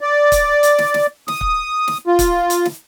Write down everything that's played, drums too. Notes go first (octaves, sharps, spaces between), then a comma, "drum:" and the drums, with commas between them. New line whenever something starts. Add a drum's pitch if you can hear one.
D5
drum: kick, hi-hat
drum: hi-hat
drum: snare
drum: snare
D#6, drum: snare
drum: kick
drum: snare
F4
drum: kick, hi-hat
drum: hi-hat
drum: snare